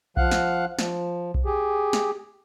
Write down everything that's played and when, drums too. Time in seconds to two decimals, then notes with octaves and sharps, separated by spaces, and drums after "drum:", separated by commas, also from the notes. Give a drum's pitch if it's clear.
0.17 F3 F5 F#5 F#6, drum: kick B1
0.32 drum: snare
0.79 F3, drum: snare
1.34 drum: kick B1
1.45 G4 G#4
1.93 drum: snare